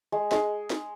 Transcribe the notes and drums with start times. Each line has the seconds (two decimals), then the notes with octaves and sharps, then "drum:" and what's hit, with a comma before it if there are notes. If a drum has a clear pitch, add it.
0.12 G#3
0.31 G#3, drum: snare
0.70 drum: snare